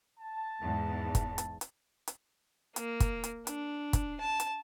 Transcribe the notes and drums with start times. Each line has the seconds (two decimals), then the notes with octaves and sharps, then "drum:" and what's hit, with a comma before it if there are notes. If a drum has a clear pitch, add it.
0.19 A5
0.61 E2 G#2
1.15 drum: kick, hi-hat
1.38 drum: hi-hat
1.61 drum: hi-hat
2.08 drum: hi-hat
2.76 A#3, drum: hi-hat
3.00 drum: kick, hi-hat
3.24 drum: hi-hat
3.47 D4, drum: hi-hat
3.93 drum: kick, hi-hat
4.20 A5
4.40 drum: hi-hat